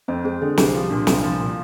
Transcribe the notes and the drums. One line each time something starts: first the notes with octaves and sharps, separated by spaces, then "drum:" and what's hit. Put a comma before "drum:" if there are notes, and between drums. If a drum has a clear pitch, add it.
F2 C4 C5
G#3 C4 C5
D3 G#4
C2 G4, drum: snare
F3 F4
A#2 D4
C2 F4, drum: snare
F3
A#2